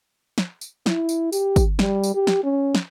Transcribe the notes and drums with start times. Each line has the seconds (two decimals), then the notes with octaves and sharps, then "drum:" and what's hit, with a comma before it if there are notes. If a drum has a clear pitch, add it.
0.38 drum: snare
0.61 drum: tambourine
0.86 E4, drum: snare
1.09 drum: tambourine
1.32 G4, drum: tambourine
1.56 drum: kick, tambourine
1.79 G3, drum: snare
2.03 drum: tambourine
2.14 G4
2.27 drum: snare
2.44 C#4
2.75 drum: snare